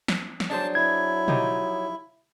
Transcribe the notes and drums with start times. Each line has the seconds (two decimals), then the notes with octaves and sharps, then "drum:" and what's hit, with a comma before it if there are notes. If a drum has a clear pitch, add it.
0.08 drum: snare
0.40 drum: snare
0.50 F#3 D4 G#4 C5 A5
0.75 E4 G#6
1.28 F3 D#4 G4, drum: tom B2